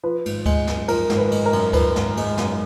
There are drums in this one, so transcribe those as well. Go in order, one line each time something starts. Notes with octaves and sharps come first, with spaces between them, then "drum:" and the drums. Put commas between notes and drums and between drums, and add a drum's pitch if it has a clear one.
F3 B4
G#1, drum: cymbal
G#3, drum: kick D2, cymbal
F#2, drum: snare
F3 A#4, drum: cymbal
G#1, drum: snare
B4
G#3, drum: cymbal
A#4
F#2, drum: cymbal
F3 B4, drum: kick D2, cymbal
G#1, drum: snare
G#3, drum: cymbal
F#2, drum: snare